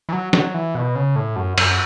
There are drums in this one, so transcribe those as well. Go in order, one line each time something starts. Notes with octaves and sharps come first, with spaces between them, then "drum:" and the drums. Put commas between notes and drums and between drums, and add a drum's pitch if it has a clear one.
E3
F#3
F#3, drum: snare
E3
B2
C#3
A2
F#2
F#2, drum: cymbal